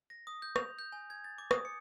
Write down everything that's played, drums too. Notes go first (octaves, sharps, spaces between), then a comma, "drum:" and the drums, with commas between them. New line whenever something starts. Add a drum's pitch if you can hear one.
A#6
D#6
G6
F7, drum: rim click
G6
G#5
G#6
A6
D6
D#6, drum: rim click
C#7